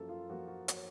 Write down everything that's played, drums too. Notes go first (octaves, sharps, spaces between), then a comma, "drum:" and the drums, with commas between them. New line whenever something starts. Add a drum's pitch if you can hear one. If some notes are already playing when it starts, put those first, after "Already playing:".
Already playing: F#2 F3 A#3 A4
F4
F3 A#3 F#4
F#4
C#5, drum: hi-hat